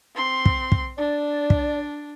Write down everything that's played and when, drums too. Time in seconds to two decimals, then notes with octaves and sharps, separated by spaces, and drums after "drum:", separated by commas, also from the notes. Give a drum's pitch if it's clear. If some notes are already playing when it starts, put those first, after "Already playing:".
0.15 C4 C6
0.46 drum: kick
0.72 drum: kick
0.98 D4 D5
1.50 drum: kick